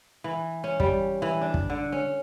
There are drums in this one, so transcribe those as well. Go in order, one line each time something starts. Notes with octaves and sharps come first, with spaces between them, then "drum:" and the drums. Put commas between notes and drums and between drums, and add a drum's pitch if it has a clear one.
E3
C#4
G3, drum: kick
E3
D4
drum: kick
D3
C#4